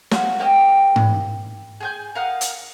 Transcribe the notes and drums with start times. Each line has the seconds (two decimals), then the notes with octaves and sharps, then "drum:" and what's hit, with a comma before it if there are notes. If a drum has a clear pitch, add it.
0.11 A#3 C#4 F#4, drum: snare
0.39 A#3 C4 G4 D#5
0.96 drum: tom G#2
1.80 G#4 G#5 G6
2.15 A#4 F5 F#5 D#6
2.41 drum: hi-hat